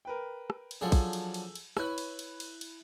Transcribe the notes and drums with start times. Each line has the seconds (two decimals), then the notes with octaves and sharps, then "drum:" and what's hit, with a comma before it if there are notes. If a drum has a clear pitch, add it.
0.05 A#4 B4 G5
0.50 drum: rim click
0.71 drum: cymbal
0.81 F3 F#3 D4 G#4 A4
0.92 drum: kick, cymbal
1.13 drum: cymbal
1.34 drum: cymbal
1.55 drum: cymbal
1.77 E4 B4 C#5 F#6, drum: rim click
1.98 drum: cymbal
2.19 drum: cymbal
2.40 drum: cymbal
2.61 drum: cymbal